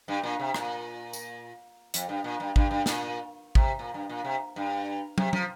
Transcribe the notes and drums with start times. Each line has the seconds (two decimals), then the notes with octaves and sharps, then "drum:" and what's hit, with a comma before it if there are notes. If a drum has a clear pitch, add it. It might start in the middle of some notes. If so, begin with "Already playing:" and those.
0.08 G2
0.23 A#2
0.40 C3
0.54 A#2, drum: rim click
1.13 drum: tambourine
1.94 F2, drum: hi-hat
2.09 G2
2.24 A#2
2.40 G2
2.56 G2, drum: kick
2.71 G2
2.86 A#2, drum: snare
3.55 C3, drum: kick
3.79 A#2
3.94 G2
4.09 A#2
4.25 C3
4.56 G2
5.18 C3, drum: tom
5.33 F3, drum: tom